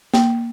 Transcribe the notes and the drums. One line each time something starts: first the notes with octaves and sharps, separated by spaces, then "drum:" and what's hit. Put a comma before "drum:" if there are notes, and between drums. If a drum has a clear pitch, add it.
A#3, drum: snare